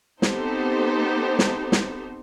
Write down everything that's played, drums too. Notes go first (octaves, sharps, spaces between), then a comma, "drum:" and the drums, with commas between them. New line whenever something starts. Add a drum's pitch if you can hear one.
B3 C4 D#4 G4 A4 C5, drum: snare
drum: snare
drum: snare